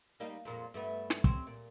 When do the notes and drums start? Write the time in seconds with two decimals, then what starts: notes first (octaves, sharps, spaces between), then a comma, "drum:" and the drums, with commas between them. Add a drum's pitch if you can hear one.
0.20 G3 A#3 D#4
0.45 F2 A#2 G#3
0.74 G2 A3 B3
1.10 drum: snare
1.24 C4 C#4, drum: kick
1.47 A#2